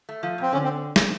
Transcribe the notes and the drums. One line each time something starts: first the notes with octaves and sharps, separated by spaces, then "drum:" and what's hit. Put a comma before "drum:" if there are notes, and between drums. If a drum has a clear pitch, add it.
A3
F3
A#2 C4
D3 C#4
C4
drum: snare